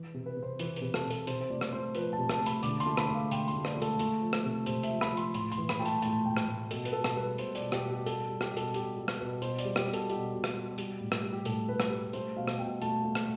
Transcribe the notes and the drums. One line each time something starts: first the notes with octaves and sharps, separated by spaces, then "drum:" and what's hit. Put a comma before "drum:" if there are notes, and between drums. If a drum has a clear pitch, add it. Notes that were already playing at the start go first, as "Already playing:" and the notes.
Already playing: E3
C3
B4
C3
C5
E3 B4, drum: hi-hat
B4, drum: hi-hat
C3
A4, drum: rim click
C3
A4, drum: hi-hat
C3 C5, drum: hi-hat
C5
A3 D5
drum: rim click
A3 C5
F3 B4, drum: hi-hat
A5
C3
A5, drum: rim click
A3
B5, drum: hi-hat
D3 D6, drum: hi-hat
C6, drum: hi-hat
A3
B5, drum: rim click
A3 F5
D3 G5, drum: hi-hat
C6, drum: hi-hat
A3
D5, drum: rim click
A3
A4, drum: hi-hat
A3, drum: hi-hat
F3
drum: rim click
C3
C3 C5, drum: hi-hat
E5, drum: hi-hat
F3
B5, drum: rim click
F3
C6, drum: hi-hat
A2 C6, drum: hi-hat
C6, drum: hi-hat
E3
B5, drum: rim click
A3 G5
A5, drum: hi-hat
A2 A5, drum: hi-hat
A2 G5
drum: rim click
A2
B2 A4, drum: hi-hat
B4, drum: hi-hat
B2 A4
drum: rim click
G3 B4
B2 C5, drum: hi-hat
D5, drum: hi-hat
B2
G4, drum: rim click
B2
G4
G3 A4, drum: hi-hat
G3
G4, drum: rim click
B2
A4, drum: hi-hat
B2 G4, drum: hi-hat
G3
drum: rim click
B2 B4
B2 C5, drum: hi-hat
D5, drum: hi-hat
G3
G4, drum: rim click
B2
A4, drum: hi-hat
B2 G4, drum: hi-hat
B2
drum: rim click
B2
G3, drum: hi-hat
A2
drum: rim click
G3
G4
A2 A4, drum: hi-hat
A2 B4
drum: rim click
G3 B4
A3 C5, drum: hi-hat
B2 F5
drum: rim click
B2 G5
A3 A5, drum: hi-hat
A3
drum: rim click